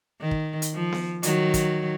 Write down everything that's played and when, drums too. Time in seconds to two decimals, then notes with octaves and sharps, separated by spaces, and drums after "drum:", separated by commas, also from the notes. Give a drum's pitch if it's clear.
0.21 D#3
0.31 drum: kick
0.62 drum: hi-hat
0.74 F3
0.92 drum: snare B3
1.23 D#3 F#3, drum: hi-hat
1.54 drum: kick, hi-hat